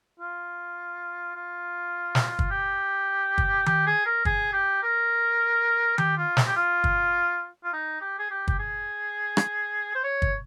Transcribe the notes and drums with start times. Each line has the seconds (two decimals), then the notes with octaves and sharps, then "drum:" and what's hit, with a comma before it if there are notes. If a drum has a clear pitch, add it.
0.19 F4
1.35 F4
2.15 drum: snare
2.39 drum: kick
2.51 G4
3.38 drum: kick
3.66 G4, drum: tom D#3
3.87 G#4
4.06 A#4
4.25 G#4, drum: kick
4.53 G4
4.83 A#4
5.98 G4, drum: tom D#3
6.17 F4
6.37 drum: snare
6.47 G4
6.56 F4
6.84 drum: kick
7.64 F4
7.73 D#4
8.01 G4
8.19 G#4
8.31 G4
8.48 G4, drum: kick
8.59 G#4
9.37 drum: rim click
9.95 C5
10.04 C#5
10.22 drum: kick